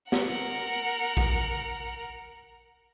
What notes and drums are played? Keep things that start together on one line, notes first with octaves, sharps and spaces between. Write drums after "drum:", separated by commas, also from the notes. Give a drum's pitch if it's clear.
A#4 F#5, drum: snare
drum: kick A#1